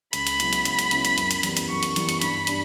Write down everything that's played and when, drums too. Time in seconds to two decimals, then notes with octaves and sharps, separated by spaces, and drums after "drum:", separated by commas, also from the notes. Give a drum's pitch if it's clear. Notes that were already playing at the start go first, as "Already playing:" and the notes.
0.13 C#2 B5, drum: hi-hat
0.27 drum: hi-hat
0.40 C#3 F#3 B3 E4, drum: hi-hat
0.53 drum: hi-hat
0.65 C#2, drum: hi-hat
0.79 drum: hi-hat
0.91 C#3 F#3 B3 E4, drum: hi-hat
1.05 drum: hi-hat
1.18 F#2, drum: hi-hat
1.31 drum: hi-hat
1.43 E3 G3 B3, drum: hi-hat
1.57 drum: hi-hat
1.69 F#2 C#6
1.83 drum: hi-hat
1.96 E3 G3 B3, drum: hi-hat
2.09 drum: hi-hat
2.22 G2 B5, drum: hi-hat
2.47 G3 D4, drum: hi-hat